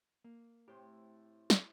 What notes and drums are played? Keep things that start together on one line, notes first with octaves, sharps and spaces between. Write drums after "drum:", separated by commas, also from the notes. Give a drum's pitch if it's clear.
A#3
A2 C4 G4 C5
drum: snare